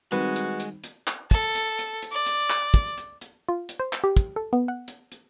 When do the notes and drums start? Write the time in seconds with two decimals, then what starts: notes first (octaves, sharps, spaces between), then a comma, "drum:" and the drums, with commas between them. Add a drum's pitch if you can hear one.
0.12 D#3 G3 G#3 C4 F#4 B4
0.36 drum: hi-hat
0.60 drum: hi-hat
0.84 drum: hi-hat
1.07 drum: clap
1.31 A4, drum: kick, hi-hat
1.55 drum: hi-hat
1.79 drum: hi-hat
2.02 drum: hi-hat
2.12 D5
2.26 drum: hi-hat
2.50 drum: clap
2.74 drum: kick, hi-hat
2.98 drum: hi-hat
3.21 drum: hi-hat
3.49 F4
3.69 drum: hi-hat
3.79 C5
3.93 drum: clap
4.04 G4
4.17 drum: kick, hi-hat
4.36 A4
4.53 B3
4.68 F#5
4.88 drum: hi-hat
5.12 drum: hi-hat